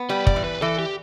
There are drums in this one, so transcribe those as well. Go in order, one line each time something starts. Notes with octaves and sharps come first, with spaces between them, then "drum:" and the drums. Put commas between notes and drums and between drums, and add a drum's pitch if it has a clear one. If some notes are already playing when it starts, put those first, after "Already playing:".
Already playing: B3
G3 B4
D5, drum: kick
E3
B4
E3 A4
G4